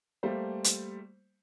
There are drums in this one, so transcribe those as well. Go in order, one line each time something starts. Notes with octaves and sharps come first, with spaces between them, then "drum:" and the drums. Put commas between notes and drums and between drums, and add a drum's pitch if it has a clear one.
G3 A3 A#3 C5
drum: hi-hat